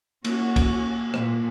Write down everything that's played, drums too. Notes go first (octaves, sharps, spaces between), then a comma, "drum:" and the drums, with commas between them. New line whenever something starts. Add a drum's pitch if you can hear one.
A#3 C#4 F#4, drum: cymbal
drum: kick, cymbal
A#2, drum: rim click